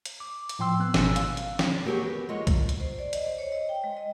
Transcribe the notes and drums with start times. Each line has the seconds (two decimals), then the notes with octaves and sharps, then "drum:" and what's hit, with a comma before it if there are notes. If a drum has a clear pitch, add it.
0.06 drum: hi-hat
0.20 D6
0.49 drum: hi-hat
0.59 A2 F3 G5 C6 E6
0.80 B3 F#6
0.94 G#1 B2 G#5 E6, drum: snare
1.16 F5, drum: hi-hat
1.37 drum: hi-hat
1.59 drum: snare
1.85 F#3 A#3 B3 G4 G#4 C#5
2.03 B3
2.29 G#3 A#3 F4 F#4 C#5
2.47 drum: kick B1, hi-hat
2.69 drum: hi-hat
2.80 C5
2.99 D5
3.13 D#5, drum: hi-hat
3.26 C5
3.38 C#5
3.52 D#5
3.69 G5
3.84 G#3
3.97 D#5